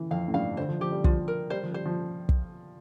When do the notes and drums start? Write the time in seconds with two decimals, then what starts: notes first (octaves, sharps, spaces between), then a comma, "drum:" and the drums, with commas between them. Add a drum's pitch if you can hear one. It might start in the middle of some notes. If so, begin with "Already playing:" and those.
Already playing: E3
0.11 F2 F5
0.28 A2
0.34 G2 F5
0.57 D3 C5
0.69 F3
0.81 F3 G4
0.92 G3
1.04 F3 F4, drum: kick
1.28 A#4
1.50 G3 C5
1.63 F3
1.74 G3 C5
1.85 F3
2.29 drum: kick